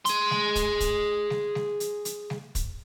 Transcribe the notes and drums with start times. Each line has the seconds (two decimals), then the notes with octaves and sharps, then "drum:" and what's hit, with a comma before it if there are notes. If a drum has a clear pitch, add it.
0.06 G#4 C6, drum: hi-hat
0.31 drum: snare G3
0.55 drum: kick, hi-hat
0.80 drum: kick, hi-hat
1.30 drum: snare G3
1.55 drum: snare G3
1.80 drum: hi-hat
2.05 drum: hi-hat
2.30 drum: snare G3
2.55 drum: kick, hi-hat